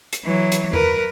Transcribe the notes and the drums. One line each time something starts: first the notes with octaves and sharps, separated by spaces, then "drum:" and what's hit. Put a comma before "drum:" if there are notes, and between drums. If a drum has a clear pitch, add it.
drum: hi-hat
E3 F#3
drum: hi-hat
A#4 B4, drum: tom E2